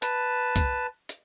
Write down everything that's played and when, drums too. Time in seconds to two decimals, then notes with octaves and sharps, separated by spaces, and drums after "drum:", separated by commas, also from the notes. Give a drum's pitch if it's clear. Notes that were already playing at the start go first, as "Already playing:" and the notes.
0.02 B4 A5, drum: hi-hat
0.56 drum: kick, hi-hat
1.09 drum: hi-hat